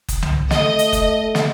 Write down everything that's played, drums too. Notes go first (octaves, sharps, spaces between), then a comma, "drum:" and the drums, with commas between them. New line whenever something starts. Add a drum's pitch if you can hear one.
drum: kick F#1, hi-hat
drum: tom C2
A3 D#5, drum: snare
drum: hi-hat
drum: kick F#1, hi-hat
drum: snare